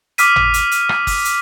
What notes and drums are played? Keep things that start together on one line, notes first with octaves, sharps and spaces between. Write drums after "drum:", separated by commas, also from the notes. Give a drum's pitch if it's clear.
D6 D#6 F6 B6 D#7, drum: hi-hat
drum: tom
drum: hi-hat
drum: hi-hat
drum: rim click
drum: kick, open hi-hat
drum: hi-hat